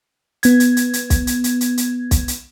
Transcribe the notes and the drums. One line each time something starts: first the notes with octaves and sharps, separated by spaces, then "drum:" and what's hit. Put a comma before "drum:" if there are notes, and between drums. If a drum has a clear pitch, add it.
B3 G#6, drum: hi-hat
drum: hi-hat
drum: hi-hat
drum: hi-hat
drum: kick, hi-hat
drum: hi-hat
drum: hi-hat
drum: hi-hat
drum: hi-hat
drum: kick, hi-hat
drum: hi-hat